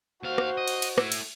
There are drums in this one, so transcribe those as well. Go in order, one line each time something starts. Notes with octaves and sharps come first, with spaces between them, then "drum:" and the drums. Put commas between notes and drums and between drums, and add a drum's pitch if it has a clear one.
D#2 F#4 C5 F5
drum: rim click
D#5
drum: cymbal
drum: cymbal
A3 E4, drum: rim click
drum: cymbal